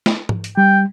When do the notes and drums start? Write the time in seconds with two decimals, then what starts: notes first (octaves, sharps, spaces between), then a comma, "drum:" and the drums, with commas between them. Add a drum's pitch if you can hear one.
0.06 drum: snare
0.29 drum: tom G#2
0.44 drum: hi-hat
0.57 G3 G5